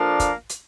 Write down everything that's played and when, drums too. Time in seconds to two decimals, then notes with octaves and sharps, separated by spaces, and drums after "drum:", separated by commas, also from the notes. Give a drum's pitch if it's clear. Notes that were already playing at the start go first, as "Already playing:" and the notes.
Already playing: A#2 F3 A#3 D4 A4
0.20 drum: kick, hi-hat
0.49 drum: hi-hat